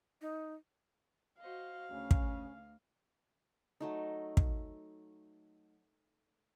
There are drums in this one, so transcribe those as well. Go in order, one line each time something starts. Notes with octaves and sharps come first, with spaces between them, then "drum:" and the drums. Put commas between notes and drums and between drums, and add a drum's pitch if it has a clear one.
D#4
F#4 C5 D#5 F5
D2 C#3 C#4
drum: kick
F#3 A3 D#4
drum: kick